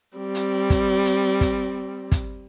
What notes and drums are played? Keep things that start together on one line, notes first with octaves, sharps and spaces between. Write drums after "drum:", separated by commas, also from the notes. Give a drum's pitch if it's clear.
G3 C4
drum: hi-hat
drum: kick, hi-hat
drum: hi-hat
drum: kick, hi-hat
drum: kick, hi-hat